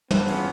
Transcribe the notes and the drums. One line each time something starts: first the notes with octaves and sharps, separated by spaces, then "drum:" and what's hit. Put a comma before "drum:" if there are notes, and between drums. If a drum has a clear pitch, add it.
G2 B3, drum: tom
E3 G#3 C#4 F4, drum: open hi-hat